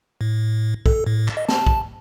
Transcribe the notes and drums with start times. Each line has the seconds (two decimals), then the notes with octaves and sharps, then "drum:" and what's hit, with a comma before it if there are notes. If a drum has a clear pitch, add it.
0.21 A2
0.86 A4, drum: kick B1
1.06 A2
1.28 drum: clap
1.37 D#5
1.48 A5, drum: snare
1.66 drum: kick B1